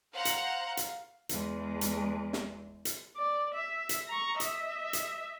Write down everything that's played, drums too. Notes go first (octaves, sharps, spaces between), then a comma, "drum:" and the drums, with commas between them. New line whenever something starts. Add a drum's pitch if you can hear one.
C5 F5 F#5 A#5
drum: hi-hat
drum: hi-hat
E2 G#3, drum: hi-hat
drum: hi-hat
drum: snare
drum: hi-hat
D5
E5
drum: hi-hat
A#5 C#6
D#5 E5, drum: hi-hat
drum: hi-hat